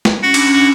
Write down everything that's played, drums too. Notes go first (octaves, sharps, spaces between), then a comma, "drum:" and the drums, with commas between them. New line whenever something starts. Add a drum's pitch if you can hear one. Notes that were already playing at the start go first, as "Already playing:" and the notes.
drum: snare
C#4 F#4
D4, drum: cymbal
F#4
C#4
D4 F#4